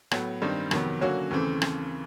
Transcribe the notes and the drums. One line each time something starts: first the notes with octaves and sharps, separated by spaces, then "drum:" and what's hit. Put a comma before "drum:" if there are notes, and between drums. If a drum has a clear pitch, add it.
A2 F#3 B3, drum: rim click
G2 D#3 G3 C4 D#4
F2 C3 D#3 F#3 B3, drum: rim click
D3 F#3 A#3 C#4 F#4
D#2 C#3 E3 A3 C4
drum: rim click